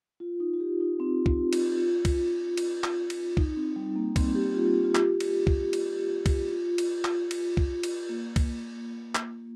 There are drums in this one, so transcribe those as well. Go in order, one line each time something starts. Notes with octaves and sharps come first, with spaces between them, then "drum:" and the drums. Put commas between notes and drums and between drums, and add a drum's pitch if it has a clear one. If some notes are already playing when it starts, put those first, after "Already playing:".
F4
D#4
F4
G4
D#4
C4
F4, drum: kick
F4, drum: cymbal
drum: kick, cymbal
drum: cymbal
drum: clap
drum: cymbal
D#4, drum: kick
C4
G3
A#3
C4, drum: kick, cymbal
G4
F4
G4
F4
G4, drum: clap
drum: cymbal
drum: kick
drum: cymbal
drum: kick, cymbal
F4
drum: cymbal
drum: clap
drum: cymbal
drum: kick
drum: cymbal
A#3
drum: kick, cymbal
drum: clap